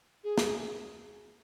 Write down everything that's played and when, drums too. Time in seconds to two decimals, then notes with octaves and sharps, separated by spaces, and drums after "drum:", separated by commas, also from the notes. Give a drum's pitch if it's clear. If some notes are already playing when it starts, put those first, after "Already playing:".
0.24 G#4
0.38 drum: snare